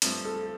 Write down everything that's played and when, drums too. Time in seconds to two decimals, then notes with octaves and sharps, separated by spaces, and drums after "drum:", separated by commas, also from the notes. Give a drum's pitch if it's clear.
0.02 G2 F3 A3 C4 D4, drum: hi-hat
0.25 A4